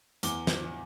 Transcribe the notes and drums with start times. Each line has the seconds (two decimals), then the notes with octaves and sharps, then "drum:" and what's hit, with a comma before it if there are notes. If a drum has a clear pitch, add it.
0.23 E2 D6 G7, drum: hi-hat
0.47 drum: snare